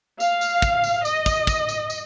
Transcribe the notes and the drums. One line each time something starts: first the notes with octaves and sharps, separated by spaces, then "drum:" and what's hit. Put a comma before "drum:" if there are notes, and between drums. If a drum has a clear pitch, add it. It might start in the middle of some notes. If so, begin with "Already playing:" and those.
F5, drum: tambourine
drum: tambourine
drum: kick, tambourine
drum: tambourine
D#5, drum: tambourine
drum: kick, tambourine
drum: kick, tambourine
drum: tambourine
drum: tambourine